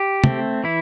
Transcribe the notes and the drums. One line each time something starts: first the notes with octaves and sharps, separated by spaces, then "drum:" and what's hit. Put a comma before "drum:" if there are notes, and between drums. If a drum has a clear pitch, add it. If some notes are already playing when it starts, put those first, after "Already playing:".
Already playing: G4
A3 C4, drum: tom
E3 E4